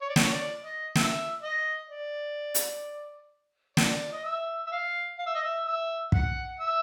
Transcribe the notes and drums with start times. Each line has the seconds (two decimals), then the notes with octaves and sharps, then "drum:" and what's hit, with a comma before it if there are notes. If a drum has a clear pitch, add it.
0.01 C#5
0.09 D5
0.16 C#5, drum: snare
0.33 D5
0.64 D#5
0.95 E5, drum: snare
1.42 D#5
1.89 D5
2.55 drum: hi-hat
3.77 D5, drum: snare
4.12 D#5
4.24 E5
4.66 E5
4.71 F5
5.18 F5
5.26 E5
5.35 D#5
5.43 E5
5.65 E5
6.12 F#5, drum: kick
6.59 E5